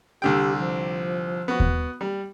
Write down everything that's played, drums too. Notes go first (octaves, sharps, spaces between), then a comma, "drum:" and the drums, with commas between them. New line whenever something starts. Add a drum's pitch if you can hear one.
C2 D3 G4 G5
F3
B3 F#4
drum: kick D#2
G3